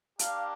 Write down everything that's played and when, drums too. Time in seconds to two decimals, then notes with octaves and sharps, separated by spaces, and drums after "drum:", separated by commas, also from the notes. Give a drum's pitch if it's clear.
0.19 A#3 D4 G4 F5, drum: hi-hat